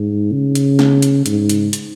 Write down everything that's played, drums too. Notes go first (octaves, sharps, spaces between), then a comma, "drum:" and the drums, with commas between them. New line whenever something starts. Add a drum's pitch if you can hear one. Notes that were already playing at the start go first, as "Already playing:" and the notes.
Already playing: G#2
C#3
drum: hi-hat
drum: snare
drum: hi-hat
G#2, drum: hi-hat
drum: hi-hat
drum: hi-hat